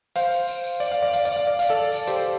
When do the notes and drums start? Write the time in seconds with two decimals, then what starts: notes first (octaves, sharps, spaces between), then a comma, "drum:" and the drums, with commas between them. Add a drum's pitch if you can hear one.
0.16 C5 F5, drum: tambourine
0.32 drum: tambourine
0.48 drum: tambourine
0.64 drum: tambourine
0.80 D5, drum: tambourine
0.92 F5
1.03 D5
1.13 F5, drum: tambourine
1.25 D5, drum: tambourine
1.36 F5
1.47 D5
1.59 F5, drum: tambourine
1.69 A4 D5
1.92 drum: tambourine
2.07 G4 C5, drum: tambourine